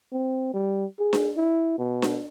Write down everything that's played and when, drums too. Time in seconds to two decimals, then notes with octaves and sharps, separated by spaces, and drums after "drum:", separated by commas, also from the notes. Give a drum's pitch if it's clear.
0.13 C4
0.54 G3
0.99 G#4
1.13 drum: snare D4
1.37 E4
1.79 B2
2.02 drum: snare D4